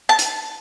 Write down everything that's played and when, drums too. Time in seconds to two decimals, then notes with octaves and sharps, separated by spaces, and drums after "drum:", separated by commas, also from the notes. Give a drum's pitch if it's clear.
0.09 A5
0.19 drum: hi-hat